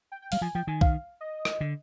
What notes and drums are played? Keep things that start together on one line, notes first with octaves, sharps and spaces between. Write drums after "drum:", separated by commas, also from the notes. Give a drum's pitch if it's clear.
G5
G5
G3 F5, drum: open hi-hat
F3 G#5
F3 G5
D#3 G#5
F5, drum: kick
D#5
drum: rim click
D3